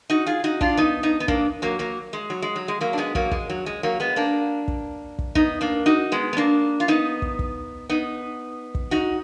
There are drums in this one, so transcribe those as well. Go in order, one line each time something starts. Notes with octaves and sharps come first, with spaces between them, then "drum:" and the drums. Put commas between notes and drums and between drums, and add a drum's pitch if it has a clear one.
D#4 F#4
F4 G#4
D#4 F#4
D4 F4, drum: kick
B3 D#4
B3 D#4
B3
A#3 D4, drum: kick
F#3 A#3
F#3 A#3
G#3
F#3
G#3
F#3
G#3
F#3 A#3
D4
G#3 B3
F#3 A#3, drum: kick
G#3, drum: kick
F#3
G#3
F#3 A#3
G#3 B3
A#3 D4
drum: kick
drum: kick
B3 D#4, drum: kick
A#3 D4
D#4 F#4
G#3 B3
B3
A#3 D4
F4
B3 D#4
drum: kick
drum: kick
B3 D#4
drum: kick
D#4 F#4